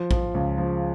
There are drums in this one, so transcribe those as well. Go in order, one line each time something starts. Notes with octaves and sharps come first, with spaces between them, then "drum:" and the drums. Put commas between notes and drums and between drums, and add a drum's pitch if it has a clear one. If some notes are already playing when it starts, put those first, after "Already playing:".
Already playing: F3
F3, drum: kick A#1
C#2
F3